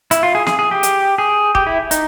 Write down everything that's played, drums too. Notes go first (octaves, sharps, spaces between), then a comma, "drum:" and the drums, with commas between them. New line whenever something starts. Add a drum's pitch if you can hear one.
E4, drum: hi-hat
F4
G#4
G#4, drum: snare
G#4
G4
drum: hi-hat
G#4
G4, drum: kick
E4
D#4, drum: hi-hat